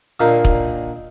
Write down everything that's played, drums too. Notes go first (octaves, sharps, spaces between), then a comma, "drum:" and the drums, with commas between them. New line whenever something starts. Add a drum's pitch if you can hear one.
A#2 D3 D#3 A#3
drum: kick